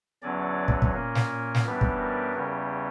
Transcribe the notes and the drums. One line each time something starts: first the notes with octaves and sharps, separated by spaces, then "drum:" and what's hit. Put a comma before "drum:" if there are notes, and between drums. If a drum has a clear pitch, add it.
E2 D3 F#3 C#4 D5
drum: kick
drum: kick
A#2 A#3 C#4 A#4
drum: snare
drum: snare
F#2 E3 G3 B3 D4
drum: kick
A#4
E2 C#3 G3 C#4